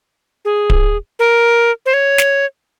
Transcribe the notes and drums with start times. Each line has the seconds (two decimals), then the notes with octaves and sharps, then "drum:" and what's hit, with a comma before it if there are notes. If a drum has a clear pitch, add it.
0.45 G#4
0.70 drum: kick D1
1.19 A#4
1.86 C5
1.94 C#5
2.18 drum: snare